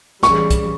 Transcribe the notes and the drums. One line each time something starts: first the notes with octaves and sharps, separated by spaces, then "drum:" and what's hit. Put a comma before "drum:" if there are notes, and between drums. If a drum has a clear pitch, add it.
C#3 E3 G3 C#6, drum: snare
drum: kick, hi-hat